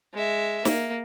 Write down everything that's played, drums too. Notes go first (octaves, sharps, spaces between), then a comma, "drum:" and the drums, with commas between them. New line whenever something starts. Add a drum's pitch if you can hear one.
G#3 E5
A#3, drum: snare